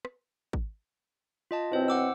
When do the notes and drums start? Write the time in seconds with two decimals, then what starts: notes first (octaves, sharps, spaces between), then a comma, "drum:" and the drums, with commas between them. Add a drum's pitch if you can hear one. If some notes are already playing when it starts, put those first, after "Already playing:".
0.05 drum: rim click
0.53 drum: kick G#1
1.51 F4 D#5 A5
1.72 F#2 B2 C4 E4 C5
1.88 F#5 D6 E6